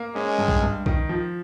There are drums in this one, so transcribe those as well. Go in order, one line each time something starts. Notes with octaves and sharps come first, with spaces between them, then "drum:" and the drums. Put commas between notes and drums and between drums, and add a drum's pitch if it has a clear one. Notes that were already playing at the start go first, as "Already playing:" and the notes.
Already playing: A#3
G#3 C#4
G2
drum: kick B1
G2
D#3, drum: kick B1
F3